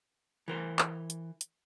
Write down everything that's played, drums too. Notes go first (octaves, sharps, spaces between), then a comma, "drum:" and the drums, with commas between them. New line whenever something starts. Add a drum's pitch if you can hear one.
E3 A#4 C5
drum: clap
drum: hi-hat
drum: hi-hat